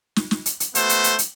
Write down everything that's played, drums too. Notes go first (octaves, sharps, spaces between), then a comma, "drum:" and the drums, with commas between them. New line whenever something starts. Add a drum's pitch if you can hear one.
drum: snare
drum: snare
drum: hi-hat
drum: hi-hat
A3 B3 F#4 C5, drum: hi-hat
drum: hi-hat
drum: hi-hat
drum: hi-hat